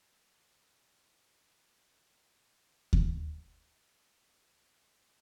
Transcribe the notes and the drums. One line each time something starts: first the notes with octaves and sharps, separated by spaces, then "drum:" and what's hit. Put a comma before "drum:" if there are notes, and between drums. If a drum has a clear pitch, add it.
D#6 F#6 A#6 D#7 F#7 G7
F#6 A#6 F#7
D6 G#6 A6 B6
C#6
F#6 G#6 B6 F7
D#7
drum: kick D#2
F4 G4 B4 F#5